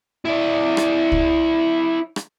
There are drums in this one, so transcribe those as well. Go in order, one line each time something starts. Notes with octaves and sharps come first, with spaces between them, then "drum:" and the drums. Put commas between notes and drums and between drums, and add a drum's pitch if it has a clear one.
E4 D5
drum: rim click
drum: kick C2
drum: rim click